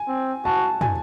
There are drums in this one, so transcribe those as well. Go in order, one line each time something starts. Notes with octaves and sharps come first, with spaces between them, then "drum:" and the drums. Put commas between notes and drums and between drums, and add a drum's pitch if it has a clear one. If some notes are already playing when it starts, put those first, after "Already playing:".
Already playing: G#5
C4
F#4 A5
G#5, drum: tom